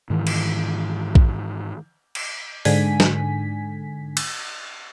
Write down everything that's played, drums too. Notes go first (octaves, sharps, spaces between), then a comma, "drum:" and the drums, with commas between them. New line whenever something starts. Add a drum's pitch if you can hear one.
G#2 D#3 E3
drum: cymbal
drum: kick A#1
drum: cymbal
G#2 D3 G#5 B6, drum: open hi-hat
drum: snare
drum: cymbal